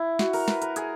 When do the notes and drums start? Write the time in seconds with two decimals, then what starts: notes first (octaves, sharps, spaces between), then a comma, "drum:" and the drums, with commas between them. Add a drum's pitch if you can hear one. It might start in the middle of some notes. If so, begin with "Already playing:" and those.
Already playing: E4
0.19 F#4, drum: snare
0.33 A#4, drum: open hi-hat
0.48 B4, drum: snare
0.62 A#4, drum: hi-hat
0.76 G#4, drum: hi-hat